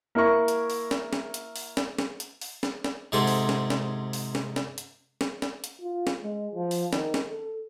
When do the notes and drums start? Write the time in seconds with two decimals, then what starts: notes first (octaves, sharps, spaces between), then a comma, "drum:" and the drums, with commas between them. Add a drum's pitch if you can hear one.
0.15 A#3 E4 A#4 C#6
0.48 drum: hi-hat
0.70 drum: open hi-hat
0.91 drum: snare
1.13 drum: snare
1.34 drum: hi-hat
1.56 drum: open hi-hat
1.77 drum: snare
1.99 drum: snare
2.20 drum: hi-hat
2.41 drum: open hi-hat
2.63 drum: snare
2.84 drum: snare
3.12 G#2 C3 G#4 A4 F#5 C6
3.27 drum: open hi-hat
3.49 drum: snare
3.70 drum: snare
4.13 drum: open hi-hat
4.35 drum: snare
4.56 drum: snare
4.78 drum: hi-hat
5.21 drum: snare
5.42 drum: snare
5.64 drum: hi-hat
5.81 F4
6.07 drum: snare
6.23 G#3
6.55 F3
6.71 drum: open hi-hat
6.93 D#3, drum: snare
7.14 drum: snare
7.30 A4